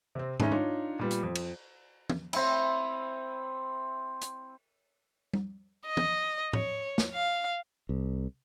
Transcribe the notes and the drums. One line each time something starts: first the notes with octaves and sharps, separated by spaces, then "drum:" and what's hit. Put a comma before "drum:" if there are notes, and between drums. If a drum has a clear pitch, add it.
C3 C4
D#3 G#3 A3 C#4 D#4, drum: tom G#2
D4 D#4 F4 C#5
A#2 G3 B3
drum: hi-hat
F2
drum: cymbal
drum: tom
C4 E4, drum: cymbal
drum: hi-hat
drum: tom G3
D#5
drum: tom
C#5, drum: tom A2
drum: snare
F5
C2